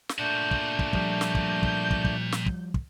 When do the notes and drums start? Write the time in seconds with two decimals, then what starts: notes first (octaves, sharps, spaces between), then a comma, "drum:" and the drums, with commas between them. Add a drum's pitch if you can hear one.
0.09 drum: snare
0.19 A#2 A3 D4 F#4 G6
0.51 drum: kick
0.79 drum: kick
0.93 F3 G3 G6, drum: kick
1.21 drum: snare
1.35 drum: kick
1.63 drum: kick
1.91 drum: kick
2.05 drum: kick
2.32 drum: snare
2.46 drum: kick
2.74 drum: kick